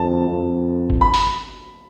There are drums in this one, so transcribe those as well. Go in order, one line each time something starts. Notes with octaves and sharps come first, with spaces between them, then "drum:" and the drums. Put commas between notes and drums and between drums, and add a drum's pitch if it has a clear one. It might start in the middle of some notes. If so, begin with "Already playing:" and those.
Already playing: F2 A5
F2
drum: kick
B5
drum: open hi-hat